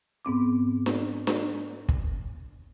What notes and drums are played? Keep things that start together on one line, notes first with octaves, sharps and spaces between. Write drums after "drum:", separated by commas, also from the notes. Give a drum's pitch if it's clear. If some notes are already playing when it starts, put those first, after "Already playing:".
G#2 B3 C4 D6
drum: snare D4
drum: snare D4
drum: kick